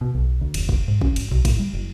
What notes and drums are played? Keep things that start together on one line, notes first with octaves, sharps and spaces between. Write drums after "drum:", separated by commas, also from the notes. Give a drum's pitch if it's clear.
B2
B1
D2
F1, drum: cymbal
drum: kick
G#2
C#4, drum: kick
G#1, drum: cymbal
B1, drum: tom A#2
A2, drum: kick, cymbal
G3
F#1